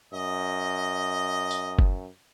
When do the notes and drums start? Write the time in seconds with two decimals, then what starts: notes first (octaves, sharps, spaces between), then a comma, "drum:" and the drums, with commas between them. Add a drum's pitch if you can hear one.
0.13 F#2 D#5
1.51 drum: tambourine
1.79 drum: kick F#1